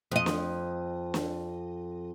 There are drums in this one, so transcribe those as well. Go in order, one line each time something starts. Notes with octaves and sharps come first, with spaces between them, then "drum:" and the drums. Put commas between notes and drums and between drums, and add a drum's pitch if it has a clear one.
F2 D#5
drum: snare
drum: snare